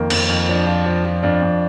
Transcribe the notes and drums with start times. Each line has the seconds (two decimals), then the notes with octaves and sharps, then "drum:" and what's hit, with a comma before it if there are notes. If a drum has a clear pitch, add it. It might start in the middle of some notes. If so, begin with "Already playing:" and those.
Already playing: F2 D#3 A#3
0.10 F2, drum: cymbal
0.29 F2
0.48 F3 D4
0.66 F3
0.86 F3
1.05 F3
1.23 F2 D4
1.42 F2